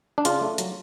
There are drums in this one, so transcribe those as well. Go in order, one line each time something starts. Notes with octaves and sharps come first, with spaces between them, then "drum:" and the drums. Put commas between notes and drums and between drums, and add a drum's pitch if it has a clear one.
D4
C#3 F4, drum: hi-hat
A3
F#3, drum: hi-hat